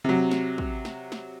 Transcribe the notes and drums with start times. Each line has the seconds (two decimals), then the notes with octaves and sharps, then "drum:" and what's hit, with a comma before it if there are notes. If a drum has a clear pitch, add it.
0.04 C3 F#3, drum: tom C3
0.31 drum: snare
0.58 drum: kick
0.85 drum: snare
1.12 drum: snare